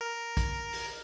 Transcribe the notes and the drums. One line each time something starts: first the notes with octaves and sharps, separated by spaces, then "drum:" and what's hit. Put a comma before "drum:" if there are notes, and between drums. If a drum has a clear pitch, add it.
A#4
drum: kick, hi-hat
drum: open hi-hat